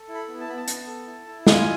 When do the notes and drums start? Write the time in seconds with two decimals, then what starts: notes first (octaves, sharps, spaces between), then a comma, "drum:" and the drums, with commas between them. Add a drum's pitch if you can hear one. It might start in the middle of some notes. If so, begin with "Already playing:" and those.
Already playing: A4
0.08 E4
0.15 B5
0.28 B3
0.41 A5
0.47 B3 B5
0.57 A5
0.68 B3, drum: hi-hat
0.87 A4
1.07 E4
1.27 E4
1.47 F4 G#5, drum: snare